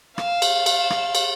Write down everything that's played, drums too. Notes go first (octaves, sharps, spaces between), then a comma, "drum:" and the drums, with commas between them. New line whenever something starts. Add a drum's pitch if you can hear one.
F5 E6, drum: rim click
drum: cymbal
drum: cymbal
drum: rim click
drum: cymbal